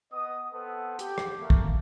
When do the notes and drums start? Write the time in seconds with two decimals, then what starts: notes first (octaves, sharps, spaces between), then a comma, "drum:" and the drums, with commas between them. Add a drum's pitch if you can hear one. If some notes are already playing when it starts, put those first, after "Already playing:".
0.12 B3 D#5 D#6
0.53 B3 C4 A4
0.99 G4, drum: hi-hat
1.18 drum: rim click
1.39 A3 A#3
1.50 drum: kick